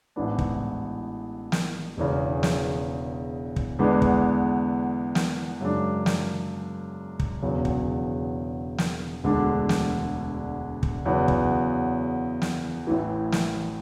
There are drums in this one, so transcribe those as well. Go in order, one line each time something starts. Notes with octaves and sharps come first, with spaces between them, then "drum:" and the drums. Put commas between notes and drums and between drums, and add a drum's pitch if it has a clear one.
A1 G#2 E3 B3 D4
drum: kick
drum: snare
E1 E2 C#3
drum: snare
drum: kick
E2 D3 G#3 B3 D4
drum: kick
drum: snare
F#2 C#3 G#3 D4
drum: snare
drum: kick
E1 E2 C#3 F#3
drum: kick
drum: snare
E1 D2 D3 G#3 D4
drum: snare
drum: kick
E2 C#3 F#3 B3
drum: kick
drum: snare
A1 A2 E3
drum: snare